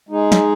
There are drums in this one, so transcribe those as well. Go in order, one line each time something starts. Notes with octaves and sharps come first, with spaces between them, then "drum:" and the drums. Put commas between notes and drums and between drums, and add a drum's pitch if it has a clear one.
G#3 D#4 G#4
drum: snare